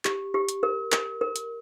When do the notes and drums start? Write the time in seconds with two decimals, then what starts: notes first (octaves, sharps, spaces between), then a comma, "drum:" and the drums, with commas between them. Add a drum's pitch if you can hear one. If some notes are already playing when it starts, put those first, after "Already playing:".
0.05 G4, drum: clap
0.34 G4
0.49 drum: hi-hat
0.63 A#4
0.92 A#4, drum: clap
1.21 A#4
1.36 drum: hi-hat